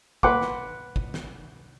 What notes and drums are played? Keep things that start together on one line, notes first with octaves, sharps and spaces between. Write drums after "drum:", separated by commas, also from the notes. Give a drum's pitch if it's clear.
B4 F#5 C6 D6, drum: kick
drum: snare
drum: kick
drum: snare